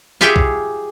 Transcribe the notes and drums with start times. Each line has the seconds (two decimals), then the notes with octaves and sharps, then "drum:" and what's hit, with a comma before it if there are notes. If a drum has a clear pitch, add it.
0.21 F4 G4 G#4 E5 F#5 G5
0.36 drum: kick